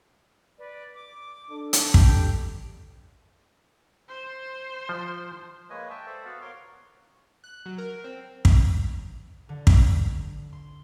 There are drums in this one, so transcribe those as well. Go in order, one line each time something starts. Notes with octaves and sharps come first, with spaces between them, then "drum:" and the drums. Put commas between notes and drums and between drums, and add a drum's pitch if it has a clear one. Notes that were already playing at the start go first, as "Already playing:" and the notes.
B4 D5
D6
D4 A4
drum: hi-hat
G4, drum: kick
C5
F3
G#3 A#3 B4 C#5 D#5 G#5
E5 G5 A5
A4 C5 D5
B3 F#4 F5 F#5
A#4 C#5 F5 C6 D6 F6
F#6
F#3
A#4
C4
drum: kick
D3
drum: kick
C6